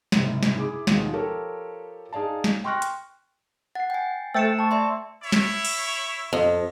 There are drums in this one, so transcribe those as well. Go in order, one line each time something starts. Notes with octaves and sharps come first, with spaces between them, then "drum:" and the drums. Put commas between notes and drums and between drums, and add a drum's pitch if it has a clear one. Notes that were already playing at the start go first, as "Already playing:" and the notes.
F#1 G#2 C3, drum: snare
drum: snare
E4 G#4 D6
D#2 B2 D#3 F3 G#3, drum: snare
F3 G4 A4 A#4 C#5
D#4 G#4 D5 F5 A5
drum: snare
G5 C6 C#6 F6 F#6 A#6
drum: hi-hat
F#5 A6 C7
G5 G#5
A3 C5 G5 E6 A6 C#7 E7
A5 C#6
D5 E5 C6
E4 C#5 E5
drum: snare
drum: cymbal
F2